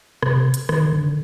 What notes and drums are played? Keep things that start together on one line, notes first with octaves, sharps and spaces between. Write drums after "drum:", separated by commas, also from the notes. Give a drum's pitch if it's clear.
C3, drum: rim click
drum: hi-hat
D#3, drum: rim click
D3